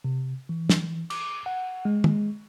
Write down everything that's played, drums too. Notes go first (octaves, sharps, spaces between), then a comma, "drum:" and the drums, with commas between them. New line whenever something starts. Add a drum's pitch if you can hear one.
C3
E3
drum: snare
D6, drum: cymbal
F#5
G#3
drum: tom